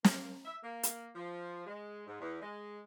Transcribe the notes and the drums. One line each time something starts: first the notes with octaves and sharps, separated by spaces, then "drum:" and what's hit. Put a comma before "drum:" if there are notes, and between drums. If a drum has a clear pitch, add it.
A#3, drum: snare
E5
A#3
drum: hi-hat
F3
G#3
G#2
E2
G#3